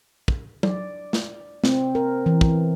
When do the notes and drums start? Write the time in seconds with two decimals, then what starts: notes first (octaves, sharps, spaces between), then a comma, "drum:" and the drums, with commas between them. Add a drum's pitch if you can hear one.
0.28 drum: kick
0.63 D5, drum: tom F#3
1.13 drum: snare
1.64 C4, drum: snare
1.95 A#4
2.26 E3
2.41 drum: kick